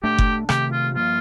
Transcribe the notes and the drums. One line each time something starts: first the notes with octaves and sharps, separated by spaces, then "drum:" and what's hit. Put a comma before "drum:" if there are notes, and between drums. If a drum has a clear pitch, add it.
A2 A3 D4 G4
drum: kick F#1
C3 D#3 A3 G4, drum: rim click
F4
G2 F3 A#3 F4